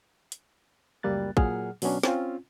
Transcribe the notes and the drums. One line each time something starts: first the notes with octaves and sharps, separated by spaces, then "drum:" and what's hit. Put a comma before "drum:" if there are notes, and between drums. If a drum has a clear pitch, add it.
drum: hi-hat
C#2 F#2 G3 A#3 F#6 A6
A#2 F#3 G#4 F#5 F6, drum: kick
B2 F#3 B3 C#4 D4, drum: open hi-hat
C4 C#4 F4, drum: snare